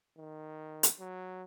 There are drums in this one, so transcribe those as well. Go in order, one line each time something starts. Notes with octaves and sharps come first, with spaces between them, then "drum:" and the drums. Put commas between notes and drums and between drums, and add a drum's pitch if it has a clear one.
D#3
drum: hi-hat
F#3